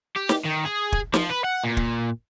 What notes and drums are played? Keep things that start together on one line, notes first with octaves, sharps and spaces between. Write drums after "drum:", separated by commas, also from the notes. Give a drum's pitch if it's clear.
G4
drum: snare
D#3
G#4
drum: kick
F3, drum: snare
B4
F#5
A#2
drum: kick